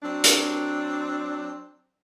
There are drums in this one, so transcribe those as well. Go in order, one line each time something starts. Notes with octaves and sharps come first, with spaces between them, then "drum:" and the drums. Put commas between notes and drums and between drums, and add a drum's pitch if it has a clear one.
F#3 C4 D4
drum: hi-hat